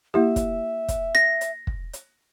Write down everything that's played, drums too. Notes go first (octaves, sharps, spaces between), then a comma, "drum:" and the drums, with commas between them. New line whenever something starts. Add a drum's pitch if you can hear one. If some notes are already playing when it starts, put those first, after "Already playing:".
A#3 E4 G4 E5
drum: kick, hi-hat
drum: kick, hi-hat
A#6, drum: rim click
drum: hi-hat
drum: kick
drum: hi-hat